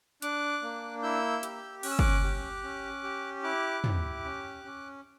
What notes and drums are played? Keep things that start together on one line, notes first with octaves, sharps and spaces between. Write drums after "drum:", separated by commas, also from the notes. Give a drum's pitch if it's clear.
D4 D6 F#6, drum: hi-hat
A#3
E4 E6 G6
G4, drum: hi-hat
C#4 F#6, drum: cymbal
E6
D6 F#6, drum: kick
G4
C#4
G4
E4 D6 F#6
G4, drum: tom
C#4
C#4